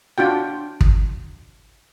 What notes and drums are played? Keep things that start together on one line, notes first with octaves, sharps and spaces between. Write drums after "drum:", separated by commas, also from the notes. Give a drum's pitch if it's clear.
D4 F4 F#4 G5
drum: kick